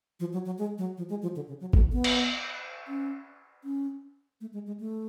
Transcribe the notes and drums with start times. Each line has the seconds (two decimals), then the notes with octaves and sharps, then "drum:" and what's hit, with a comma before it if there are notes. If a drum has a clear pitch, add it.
0.20 F3
0.33 F#3
0.46 F#3
0.58 G#3
0.78 F#3
0.98 F3
1.10 G#3
1.22 F3
1.36 D3
1.48 C#3
1.60 F#3
1.73 A3, drum: kick G#1
1.93 B3
2.04 drum: cymbal
2.88 C#4
3.64 C#4
4.41 A3
4.53 G#3
4.67 G#3
4.80 A3